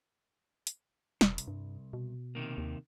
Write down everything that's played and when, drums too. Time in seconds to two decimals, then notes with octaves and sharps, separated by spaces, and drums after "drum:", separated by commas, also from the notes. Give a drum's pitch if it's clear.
0.67 drum: hi-hat
1.21 E1 C2, drum: snare
1.38 drum: hi-hat
1.48 G2
1.93 B2
2.35 C3 D#3 A#3
2.58 D#2